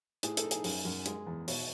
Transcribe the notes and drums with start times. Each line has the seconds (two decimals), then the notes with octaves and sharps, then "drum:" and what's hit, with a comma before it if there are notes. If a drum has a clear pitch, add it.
0.23 A2 G#4, drum: hi-hat
0.37 A4, drum: hi-hat
0.44 D#4
0.51 G#4, drum: hi-hat
0.64 F#2, drum: open hi-hat
0.85 F#2
1.06 G#3 G#4, drum: hi-hat
1.26 E2
1.48 B2, drum: open hi-hat